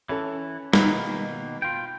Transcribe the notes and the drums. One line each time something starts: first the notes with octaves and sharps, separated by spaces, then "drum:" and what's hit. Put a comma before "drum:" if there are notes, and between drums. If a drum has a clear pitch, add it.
E3 C#4 A4
B2 D#3 A#3 D#4 B4, drum: snare
F4 G5